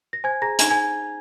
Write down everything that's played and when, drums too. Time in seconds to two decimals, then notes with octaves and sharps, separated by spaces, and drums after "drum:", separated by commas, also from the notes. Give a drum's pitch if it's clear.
0.13 A#6
0.24 C5 G#5 G#6
0.42 G#4 A#5 A#6
0.59 D#4 G#5 G#6, drum: hi-hat
0.70 G#5 G#6